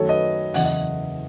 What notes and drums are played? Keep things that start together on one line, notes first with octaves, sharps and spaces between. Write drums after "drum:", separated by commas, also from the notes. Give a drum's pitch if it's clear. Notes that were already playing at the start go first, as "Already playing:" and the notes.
Already playing: F#2 D#3 F#3 A3 A4 C#5
B4 D#5
F#1 E2 C#3 E3 D#5 F#5, drum: open hi-hat
D#5 F#5